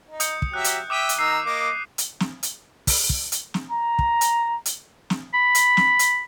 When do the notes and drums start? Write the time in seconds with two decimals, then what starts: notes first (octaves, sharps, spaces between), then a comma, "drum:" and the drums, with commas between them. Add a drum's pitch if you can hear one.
0.07 D#4
0.20 D#6 G6 C#7, drum: hi-hat
0.42 drum: kick
0.54 F#3 G4 E5 F#6
0.64 drum: hi-hat
0.90 E5 G5 D6 D#6 D#7
1.09 drum: hi-hat
1.19 D#3 A#5 E6 C7
1.46 A#3 D#5 D6
1.98 drum: hi-hat
2.20 drum: snare
2.43 drum: hi-hat
2.87 drum: kick, open hi-hat
3.10 drum: kick
3.32 drum: hi-hat
3.54 drum: snare
3.70 A#5
3.99 drum: kick
4.21 drum: hi-hat
4.66 drum: hi-hat
5.10 drum: snare
5.34 B5
5.55 drum: hi-hat
5.77 drum: snare
5.99 drum: hi-hat